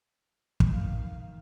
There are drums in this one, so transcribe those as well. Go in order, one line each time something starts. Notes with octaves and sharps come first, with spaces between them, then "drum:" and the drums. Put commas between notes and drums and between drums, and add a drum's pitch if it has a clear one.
drum: kick
D#3 F5